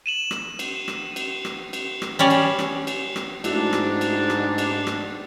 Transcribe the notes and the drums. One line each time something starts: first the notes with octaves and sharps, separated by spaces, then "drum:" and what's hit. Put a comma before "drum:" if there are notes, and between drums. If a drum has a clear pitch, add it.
D#7 E7 F#7
drum: rim click
drum: cymbal
drum: rim click
drum: cymbal
drum: rim click
drum: cymbal
drum: rim click
G3 C#4 C#5 D5
drum: cymbal
drum: rim click
drum: cymbal
drum: rim click
G#2 A3 D4 E4 F#4, drum: cymbal
drum: rim click
drum: cymbal
drum: rim click
drum: cymbal
drum: rim click